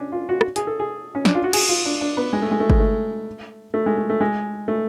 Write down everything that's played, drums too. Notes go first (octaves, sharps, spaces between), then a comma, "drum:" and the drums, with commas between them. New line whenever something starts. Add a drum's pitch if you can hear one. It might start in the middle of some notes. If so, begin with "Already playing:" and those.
Already playing: C#4 D4
F4
F#4
drum: rim click
G#4, drum: hi-hat
A4
G#4
C#4
D4, drum: snare
F4
F#4
G#4, drum: cymbal
F4
D4
D4
B3
G#3
A3
G#3
A3
G#3, drum: kick G1
A3
A3
G#3
A3
A3
G#3
A3